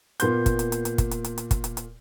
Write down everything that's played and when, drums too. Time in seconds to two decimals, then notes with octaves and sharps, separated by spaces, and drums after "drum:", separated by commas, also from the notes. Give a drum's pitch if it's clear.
0.20 A#2 A#3 B3 C6 G6, drum: hi-hat
0.46 drum: kick, hi-hat
0.59 drum: hi-hat
0.72 drum: hi-hat
0.85 drum: hi-hat
0.98 drum: kick, hi-hat
1.11 drum: hi-hat
1.24 drum: hi-hat
1.38 drum: hi-hat
1.51 drum: kick, hi-hat
1.64 drum: hi-hat
1.77 drum: hi-hat